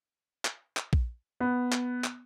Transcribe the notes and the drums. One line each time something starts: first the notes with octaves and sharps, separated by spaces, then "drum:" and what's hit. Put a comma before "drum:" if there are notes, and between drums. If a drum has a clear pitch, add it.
drum: clap
drum: clap
drum: kick A#1
B3
drum: clap
drum: clap